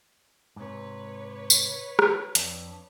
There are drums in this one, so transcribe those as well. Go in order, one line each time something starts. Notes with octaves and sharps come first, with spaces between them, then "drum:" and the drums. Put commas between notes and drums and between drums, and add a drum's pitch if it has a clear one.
G#2 C3 B4 C#5
drum: tambourine
drum: rim click
F2 D4, drum: hi-hat